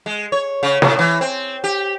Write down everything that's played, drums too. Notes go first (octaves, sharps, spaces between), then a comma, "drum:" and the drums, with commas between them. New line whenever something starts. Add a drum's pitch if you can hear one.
G#3
C#5
C#3
A2, drum: snare
E3
C4
G4